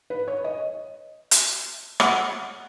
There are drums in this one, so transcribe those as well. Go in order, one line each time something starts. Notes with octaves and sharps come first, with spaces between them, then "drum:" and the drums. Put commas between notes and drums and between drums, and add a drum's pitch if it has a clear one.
B4
C#5
D#5
drum: hi-hat
F#5, drum: rim click